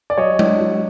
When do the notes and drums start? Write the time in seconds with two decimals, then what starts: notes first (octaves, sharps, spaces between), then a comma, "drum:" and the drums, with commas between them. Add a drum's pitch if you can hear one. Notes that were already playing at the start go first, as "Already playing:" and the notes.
0.10 D5
0.18 F#3 C#5 D#5
0.39 D4, drum: tom G#3
0.60 F#3